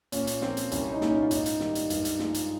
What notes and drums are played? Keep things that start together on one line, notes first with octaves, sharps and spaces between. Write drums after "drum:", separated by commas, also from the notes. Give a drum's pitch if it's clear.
A#2 C#4, drum: hi-hat
drum: hi-hat
F3 A#3 C4, drum: snare
drum: hi-hat
C2 C#4, drum: hi-hat
D#4
A#2 G#3, drum: snare
C#4
F4
G#2 D#4, drum: hi-hat
drum: hi-hat
D#3 G3 A#3, drum: snare
drum: hi-hat
G2, drum: hi-hat
drum: hi-hat
F3 G#3, drum: snare
drum: hi-hat